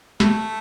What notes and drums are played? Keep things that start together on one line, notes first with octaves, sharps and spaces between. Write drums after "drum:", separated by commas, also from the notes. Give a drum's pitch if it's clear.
A3, drum: snare